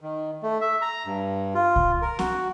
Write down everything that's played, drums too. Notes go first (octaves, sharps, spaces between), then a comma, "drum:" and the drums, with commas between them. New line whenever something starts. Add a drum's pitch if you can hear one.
D#3
A3
E5
A#5
G2
F4
drum: kick C2
A#4
F#4, drum: snare C4